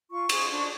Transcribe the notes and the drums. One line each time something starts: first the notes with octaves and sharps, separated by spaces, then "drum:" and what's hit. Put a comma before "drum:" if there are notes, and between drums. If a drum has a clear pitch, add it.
F4 C#6
G#4 C5, drum: cymbal
D4